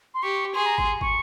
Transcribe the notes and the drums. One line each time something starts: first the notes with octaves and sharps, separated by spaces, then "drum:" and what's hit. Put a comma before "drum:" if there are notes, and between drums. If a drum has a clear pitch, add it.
C6
G4 C#6
G#4 C6
A#5
C6, drum: kick
C#6, drum: kick